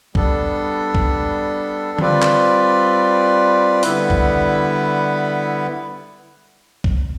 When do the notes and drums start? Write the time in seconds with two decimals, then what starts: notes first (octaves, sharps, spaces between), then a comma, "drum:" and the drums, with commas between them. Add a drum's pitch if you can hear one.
0.15 G3 B3 D4 A4, drum: kick
0.95 drum: kick
1.99 G3 C4 F4 B4 D5, drum: tom D3
2.22 drum: clap
3.83 D3 G3 B3 E4 B4, drum: open hi-hat
4.10 drum: kick
6.84 drum: kick